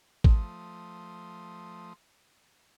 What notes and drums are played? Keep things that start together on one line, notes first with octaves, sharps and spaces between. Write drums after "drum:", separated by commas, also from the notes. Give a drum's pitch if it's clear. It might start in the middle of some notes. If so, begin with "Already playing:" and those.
F3 A3 C6 D#6, drum: kick